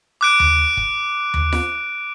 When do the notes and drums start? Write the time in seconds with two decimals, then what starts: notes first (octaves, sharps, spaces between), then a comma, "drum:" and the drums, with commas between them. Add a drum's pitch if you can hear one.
0.21 D6 F#6 D7
0.40 drum: tom D#2
0.77 drum: kick
1.34 drum: tom D#2
1.53 drum: snare F4